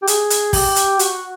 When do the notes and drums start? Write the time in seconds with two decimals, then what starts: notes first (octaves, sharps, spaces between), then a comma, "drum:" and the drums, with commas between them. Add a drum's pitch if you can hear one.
0.02 G4
0.07 G#4, drum: hi-hat
0.30 drum: hi-hat
0.53 G4, drum: kick, open hi-hat
0.76 drum: hi-hat
0.99 F#4, drum: hi-hat